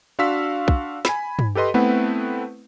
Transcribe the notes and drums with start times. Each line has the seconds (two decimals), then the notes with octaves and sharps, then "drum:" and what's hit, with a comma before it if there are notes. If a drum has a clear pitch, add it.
0.19 D4 F#4 F5 C6 E6 B6
0.68 drum: kick
1.05 G#5 B5, drum: snare
1.39 drum: tom
1.55 G4 A4 B4 D#5 C6
1.74 A3 B3 C4 E4 B4 F#5